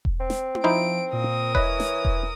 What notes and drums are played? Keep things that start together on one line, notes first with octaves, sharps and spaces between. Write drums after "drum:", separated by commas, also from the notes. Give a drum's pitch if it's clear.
drum: kick E1
C4
drum: snare
drum: tom E4
F3 D#4 E4 C5 D7
A#2 A#4 D#6
E3 B4 C#5 D#5, drum: kick E1
drum: snare
drum: kick E1